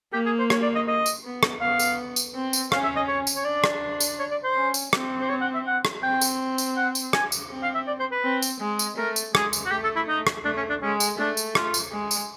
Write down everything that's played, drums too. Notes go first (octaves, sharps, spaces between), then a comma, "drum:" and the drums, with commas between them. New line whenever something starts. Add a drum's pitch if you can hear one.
A#3 G4
G#4
C5
C#5, drum: rim click
D5
D#5
D#5
drum: tambourine
B3
drum: rim click
B3 F5
drum: tambourine
drum: tambourine
C4
drum: tambourine
C#4 F5, drum: rim click
E5
D#5
C#5
drum: tambourine
C#5
D4 D5
drum: rim click
drum: tambourine
C#5
D5
C5
C#4
drum: tambourine
C4, drum: rim click
C5
C#5
F#5
E5
F#5
drum: rim click
C4 G5
drum: tambourine
drum: tambourine
F#5
drum: tambourine
G#5, drum: rim click
drum: tambourine
C4
F5
E5
D5
C5
B4
C4
drum: tambourine
G#3
drum: tambourine
A3 A#4
drum: tambourine
G#3 G#4, drum: rim click
drum: tambourine
F#4
A3 G4
A4
E4
D#4
drum: rim click
A3 D4
C#4
D4
G#3 C#4
drum: tambourine
A3 D4
drum: tambourine
F4, drum: rim click
drum: tambourine
G#3
drum: tambourine